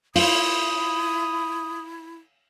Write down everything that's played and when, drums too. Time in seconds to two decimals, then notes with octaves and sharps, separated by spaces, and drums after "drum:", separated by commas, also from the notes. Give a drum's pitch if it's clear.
0.16 E4 F4 D#6, drum: open hi-hat